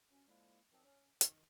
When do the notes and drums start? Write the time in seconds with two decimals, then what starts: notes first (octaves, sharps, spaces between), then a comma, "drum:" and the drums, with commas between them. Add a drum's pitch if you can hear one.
0.10 F#2 C#4
0.27 D3 F3 G#3 A#3 E4
0.71 F#2 D#3 F3 C4
0.84 C#4
1.21 D#3, drum: hi-hat